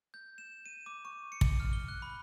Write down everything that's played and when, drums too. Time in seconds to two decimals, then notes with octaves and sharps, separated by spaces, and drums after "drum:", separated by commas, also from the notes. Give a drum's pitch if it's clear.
0.14 G6
0.38 E7
0.66 D#7
0.86 D6
1.05 C#6
1.32 C#7
1.41 drum: kick
1.60 F6
1.73 G7
1.88 F#6
2.02 B5